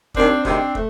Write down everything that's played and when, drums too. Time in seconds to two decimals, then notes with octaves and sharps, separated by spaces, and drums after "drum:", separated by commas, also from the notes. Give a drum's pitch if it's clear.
0.14 D#2 D#3 C4 D4, drum: kick
0.45 D2 C3 D#3 C4 D4, drum: kick
0.75 A3, drum: kick